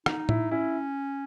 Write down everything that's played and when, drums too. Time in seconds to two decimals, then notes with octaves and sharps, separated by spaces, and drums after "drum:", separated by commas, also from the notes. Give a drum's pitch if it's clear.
0.06 D#4, drum: rim click
0.29 E4, drum: tom A2
0.51 C#4 E4